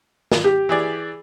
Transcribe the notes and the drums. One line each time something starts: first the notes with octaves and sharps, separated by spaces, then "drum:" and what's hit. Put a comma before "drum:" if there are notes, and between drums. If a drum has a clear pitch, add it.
drum: snare
G4
E3 G#4 D5